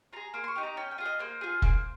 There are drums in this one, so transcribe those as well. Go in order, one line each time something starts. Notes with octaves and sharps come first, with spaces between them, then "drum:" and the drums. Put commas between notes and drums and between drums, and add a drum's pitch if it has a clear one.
F4 G#4 A#5
A#3 C6
C6
C#6
D#4 G4
A#5
C#4 G5
G5
F4 G#4
D#5
A#3 C5
F4 G#4
A#3, drum: kick F1